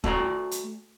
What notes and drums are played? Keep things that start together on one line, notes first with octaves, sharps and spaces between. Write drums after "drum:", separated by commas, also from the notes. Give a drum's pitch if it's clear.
A3 F#4 D5 A#5, drum: kick
drum: hi-hat